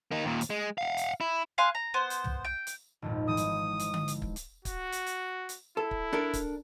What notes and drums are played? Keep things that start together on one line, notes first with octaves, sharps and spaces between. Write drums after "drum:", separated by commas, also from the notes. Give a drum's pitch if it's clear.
A#3 D#4
D#2 A#2
drum: hi-hat
G#3
F5 F#5
drum: hi-hat
E4
F5 G#5 C6 F#6
A#5
B3 C5
drum: hi-hat
drum: tom
G5
drum: hi-hat
G#1 F2 A#2
G#2 E3 F3 D#6
drum: hi-hat
drum: hi-hat
drum: tom D3
drum: hi-hat
drum: kick
drum: hi-hat
F#4, drum: kick, hi-hat
drum: hi-hat
drum: hi-hat
drum: hi-hat
E4 A4
drum: kick
D4 A4 A#4
drum: kick, hi-hat